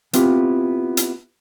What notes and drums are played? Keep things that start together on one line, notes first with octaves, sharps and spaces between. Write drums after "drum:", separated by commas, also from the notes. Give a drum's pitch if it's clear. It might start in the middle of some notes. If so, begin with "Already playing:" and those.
B3 C4 E4 F4 G4, drum: hi-hat
drum: hi-hat